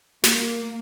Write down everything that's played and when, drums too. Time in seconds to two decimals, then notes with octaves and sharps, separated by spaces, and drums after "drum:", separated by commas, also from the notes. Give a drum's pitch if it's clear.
0.24 A#3, drum: snare